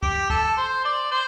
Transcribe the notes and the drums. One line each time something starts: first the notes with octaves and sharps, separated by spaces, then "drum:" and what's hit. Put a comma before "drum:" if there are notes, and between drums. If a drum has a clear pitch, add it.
G4, drum: kick
A4, drum: kick
C5
D5
C5